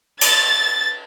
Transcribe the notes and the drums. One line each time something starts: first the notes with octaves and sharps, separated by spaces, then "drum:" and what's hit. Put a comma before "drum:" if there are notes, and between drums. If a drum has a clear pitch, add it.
A6, drum: cymbal